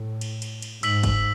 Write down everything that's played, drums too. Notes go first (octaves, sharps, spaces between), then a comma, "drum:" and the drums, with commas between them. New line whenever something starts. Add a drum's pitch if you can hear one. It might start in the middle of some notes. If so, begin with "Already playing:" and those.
Already playing: A2
drum: cymbal
drum: cymbal
drum: cymbal
G#2 E6 B6 F#7, drum: cymbal
drum: kick, cymbal